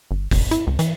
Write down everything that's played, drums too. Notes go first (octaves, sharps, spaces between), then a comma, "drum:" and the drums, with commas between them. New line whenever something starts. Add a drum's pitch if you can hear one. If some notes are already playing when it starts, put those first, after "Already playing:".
G1
E1, drum: kick G1, open hi-hat
E4, drum: hi-hat
C#2
E3, drum: hi-hat